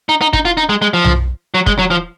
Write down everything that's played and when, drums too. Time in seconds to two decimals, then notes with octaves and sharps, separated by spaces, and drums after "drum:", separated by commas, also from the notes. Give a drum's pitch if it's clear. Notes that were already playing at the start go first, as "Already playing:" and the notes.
0.09 D#4
0.21 D#4
0.33 D#4, drum: kick
0.45 F4
0.57 D#4
0.69 G#3
0.82 G#3
0.94 F3
1.04 drum: tom B1
1.54 F#3
1.66 G#3, drum: kick
1.79 F#3
1.90 F3